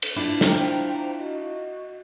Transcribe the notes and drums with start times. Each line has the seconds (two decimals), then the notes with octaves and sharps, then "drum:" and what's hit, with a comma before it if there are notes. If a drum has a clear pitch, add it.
0.02 drum: cymbal
0.16 D4 E4 F4
0.41 C5 G5 A#5, drum: snare
1.19 F#4 D#5